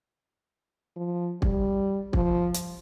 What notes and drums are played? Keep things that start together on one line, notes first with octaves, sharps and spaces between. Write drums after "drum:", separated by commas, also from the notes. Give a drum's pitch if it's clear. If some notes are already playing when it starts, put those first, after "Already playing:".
F3
G3, drum: kick
F3, drum: kick
drum: hi-hat